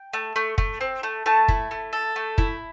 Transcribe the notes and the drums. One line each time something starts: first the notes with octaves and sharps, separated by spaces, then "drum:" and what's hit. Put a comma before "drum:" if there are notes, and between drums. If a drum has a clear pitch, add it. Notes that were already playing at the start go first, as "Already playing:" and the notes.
Already playing: G5
A3
A3
A3, drum: kick
C4
A3
A3 A5
E4, drum: kick
A3
A4
A3
E4, drum: kick